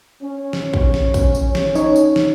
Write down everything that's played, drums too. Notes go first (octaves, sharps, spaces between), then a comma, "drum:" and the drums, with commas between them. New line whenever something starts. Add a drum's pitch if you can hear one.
C#4
drum: snare
drum: kick
drum: snare
drum: kick, tambourine
drum: tambourine
drum: snare
D#4 C#5, drum: tambourine
drum: tambourine
drum: snare